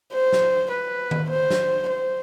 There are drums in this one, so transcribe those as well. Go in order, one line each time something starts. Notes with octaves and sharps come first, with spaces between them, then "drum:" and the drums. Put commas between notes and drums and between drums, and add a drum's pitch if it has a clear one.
C5
drum: snare
B4
drum: tom D#3
C5
drum: snare
C5